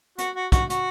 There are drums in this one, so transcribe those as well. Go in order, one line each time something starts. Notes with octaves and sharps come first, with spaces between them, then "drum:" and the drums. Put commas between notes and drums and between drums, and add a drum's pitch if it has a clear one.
F#4, drum: hi-hat
F#4
F#4, drum: kick, hi-hat
F#4, drum: hi-hat